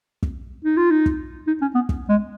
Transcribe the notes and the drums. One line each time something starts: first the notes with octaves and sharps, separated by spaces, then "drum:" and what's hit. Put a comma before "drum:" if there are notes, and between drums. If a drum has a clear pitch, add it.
drum: kick
D#4
F4
D#4
drum: kick
D#4
C#4
B3
drum: kick
G#3